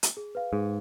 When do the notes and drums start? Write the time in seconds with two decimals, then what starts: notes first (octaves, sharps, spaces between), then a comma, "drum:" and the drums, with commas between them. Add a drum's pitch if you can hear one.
0.03 drum: hi-hat
0.17 G#4
0.35 B4 F5
0.53 G#2 G#4